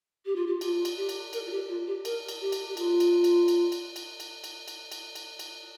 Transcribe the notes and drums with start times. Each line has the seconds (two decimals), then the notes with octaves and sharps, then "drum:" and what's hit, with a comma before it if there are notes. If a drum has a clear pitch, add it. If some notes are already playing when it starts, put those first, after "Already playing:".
0.25 G4
0.36 F4
0.47 G4
0.61 F4, drum: cymbal
0.85 drum: cymbal
0.96 G4
1.09 drum: cymbal
1.33 A#4, drum: cymbal
1.46 F4
1.51 G4
1.69 F4
1.87 G4
2.05 A#4, drum: cymbal
2.29 drum: cymbal
2.41 G4
2.52 drum: cymbal
2.68 G4
2.77 F4, drum: cymbal
3.00 drum: cymbal
3.24 drum: cymbal
3.48 drum: cymbal
3.72 drum: cymbal
3.96 drum: cymbal
4.20 drum: cymbal
4.44 drum: cymbal
4.68 drum: cymbal
4.92 drum: cymbal
5.15 drum: cymbal
5.39 drum: cymbal